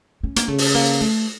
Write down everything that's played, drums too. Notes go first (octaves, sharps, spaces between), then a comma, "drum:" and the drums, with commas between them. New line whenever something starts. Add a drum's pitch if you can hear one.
C#4
A#3, drum: hi-hat
C#3 A3
drum: open hi-hat
A#3
A3